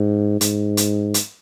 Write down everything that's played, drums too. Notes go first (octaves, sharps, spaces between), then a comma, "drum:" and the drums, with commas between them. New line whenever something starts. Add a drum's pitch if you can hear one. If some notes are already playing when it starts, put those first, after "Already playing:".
Already playing: G#2
G#2, drum: hi-hat
drum: hi-hat
drum: hi-hat